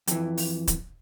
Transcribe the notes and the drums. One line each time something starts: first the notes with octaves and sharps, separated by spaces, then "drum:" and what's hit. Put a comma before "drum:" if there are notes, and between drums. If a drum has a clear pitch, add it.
F2 E3, drum: hi-hat
drum: open hi-hat
drum: kick D1, hi-hat